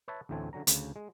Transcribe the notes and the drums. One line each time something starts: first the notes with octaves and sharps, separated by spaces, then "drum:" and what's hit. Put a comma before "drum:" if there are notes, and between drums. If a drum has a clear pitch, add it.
B4 C#5 E5 A5
A1 D2 A2 A3 C4 G#5
D3 F#3 C#4 A#5
D2 C#3, drum: hi-hat
G#3